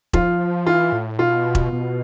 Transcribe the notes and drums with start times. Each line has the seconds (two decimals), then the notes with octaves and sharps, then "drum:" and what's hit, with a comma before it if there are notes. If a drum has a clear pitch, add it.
0.13 F3 F4, drum: kick E1
0.66 E3 F4
0.93 A2
1.19 B2 F4
1.55 drum: kick E1
1.73 B2